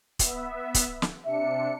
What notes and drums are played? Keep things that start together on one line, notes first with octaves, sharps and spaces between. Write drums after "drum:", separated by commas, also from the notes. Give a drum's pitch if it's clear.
B3 E5, drum: kick, hi-hat
drum: kick, hi-hat
drum: snare
C3 D4 E5 C#7